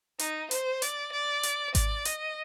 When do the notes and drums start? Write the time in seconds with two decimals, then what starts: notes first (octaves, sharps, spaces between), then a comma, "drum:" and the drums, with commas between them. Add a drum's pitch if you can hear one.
0.19 D#4, drum: hi-hat
0.51 C5, drum: hi-hat
0.82 D5, drum: hi-hat
1.13 D5
1.43 drum: hi-hat
1.75 D5, drum: kick G#1, hi-hat
2.05 D#5, drum: hi-hat